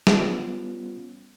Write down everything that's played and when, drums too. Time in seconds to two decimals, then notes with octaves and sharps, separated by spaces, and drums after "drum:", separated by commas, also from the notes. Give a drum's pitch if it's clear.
0.07 G3 B3 C#4 F4, drum: snare